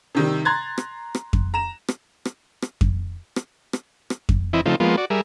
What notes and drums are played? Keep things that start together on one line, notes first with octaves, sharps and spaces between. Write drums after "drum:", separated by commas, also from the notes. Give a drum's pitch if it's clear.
C3 D#3 G3
A#5 C6 F#6 G#6 A6
drum: rim click
drum: rim click
drum: kick F2
A#5 E7
drum: rim click
drum: rim click
drum: rim click
drum: kick F2
drum: rim click
drum: rim click
drum: rim click
drum: kick F2
E3 C4 E4 D#5
C#3 F3 A3 C4 D#4 F4
F3 G#3 A#3 B3 F4
F#4 D5
G3 G#4 A#4 E5